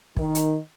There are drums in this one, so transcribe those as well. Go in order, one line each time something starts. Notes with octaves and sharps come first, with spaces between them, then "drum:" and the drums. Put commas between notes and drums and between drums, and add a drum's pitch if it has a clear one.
D#3, drum: kick
drum: hi-hat